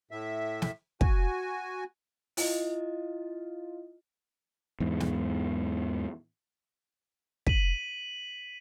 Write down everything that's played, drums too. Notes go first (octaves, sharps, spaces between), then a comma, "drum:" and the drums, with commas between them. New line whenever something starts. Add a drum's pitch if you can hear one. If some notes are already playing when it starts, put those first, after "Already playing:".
A2 E5
drum: snare
F#4 G#5, drum: kick
E4 F4 D#5, drum: open hi-hat
E2 G#2
drum: snare
B6 D#7 F#7, drum: kick